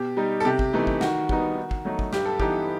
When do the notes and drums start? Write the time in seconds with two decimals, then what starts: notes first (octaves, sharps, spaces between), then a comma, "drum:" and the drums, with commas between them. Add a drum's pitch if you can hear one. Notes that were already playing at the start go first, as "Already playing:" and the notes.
Already playing: B2 G4
0.17 G3 D#4
0.40 A4
0.45 C3 G4
0.59 drum: kick
0.73 E3 A3 D#4
0.87 drum: kick
1.01 D#3 F#4, drum: snare
1.29 G3 B3 D#4, drum: kick
1.56 D#3
1.71 drum: kick
1.85 F#3 A3 D#4
1.99 drum: kick
2.13 G2 G4, drum: snare
2.25 A4
2.40 E3 B3 D#4 G4, drum: kick